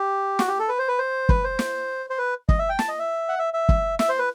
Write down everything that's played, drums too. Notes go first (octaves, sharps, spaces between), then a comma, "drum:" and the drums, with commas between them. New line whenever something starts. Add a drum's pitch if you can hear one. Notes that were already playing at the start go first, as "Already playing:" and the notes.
Already playing: G4
F#4, drum: snare
G4
A4
B4
C5
B4
C5
B4, drum: kick
C5
drum: snare
C5
B4
D#5, drum: kick
E5
G5
A5, drum: snare
D#5
E5
F#5
E5
E5
drum: kick
E5, drum: snare
C5
B4